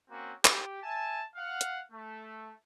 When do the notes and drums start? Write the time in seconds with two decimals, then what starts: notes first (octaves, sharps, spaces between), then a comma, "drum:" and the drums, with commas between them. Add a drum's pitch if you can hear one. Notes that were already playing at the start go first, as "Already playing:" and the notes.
0.10 A#3 C4 C#4 F#4
0.45 G4, drum: clap
0.83 E5 G#5 A5
1.35 F5 F#5
1.61 drum: hi-hat
1.92 A3